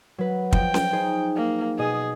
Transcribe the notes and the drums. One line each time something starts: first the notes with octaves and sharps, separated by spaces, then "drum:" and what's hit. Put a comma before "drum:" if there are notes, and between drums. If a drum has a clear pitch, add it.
F#3 B4
F3 G5, drum: kick
drum: snare C#4
D#4 G#4 C5
A#3
B2 G#4 D#5 D#6